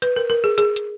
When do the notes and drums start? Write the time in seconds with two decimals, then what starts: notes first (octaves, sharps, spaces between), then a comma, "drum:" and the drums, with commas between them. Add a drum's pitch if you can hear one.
0.02 B4, drum: hi-hat
0.16 A#4
0.30 A#4
0.44 G#4
0.58 G#4, drum: hi-hat
0.76 drum: hi-hat